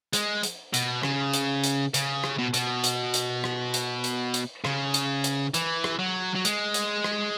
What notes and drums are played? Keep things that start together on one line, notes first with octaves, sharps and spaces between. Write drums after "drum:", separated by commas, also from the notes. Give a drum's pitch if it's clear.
G#3, drum: hi-hat
drum: hi-hat
B2, drum: hi-hat
C#3, drum: rim click
drum: hi-hat
drum: hi-hat
C#3, drum: hi-hat
drum: rim click
B2
B2, drum: hi-hat
drum: hi-hat
drum: hi-hat
drum: rim click
drum: hi-hat
drum: hi-hat
drum: hi-hat
C#3, drum: rim click
drum: hi-hat
drum: hi-hat
E3, drum: hi-hat
drum: rim click
F#3
F#3
G#3, drum: hi-hat
drum: hi-hat
drum: rim click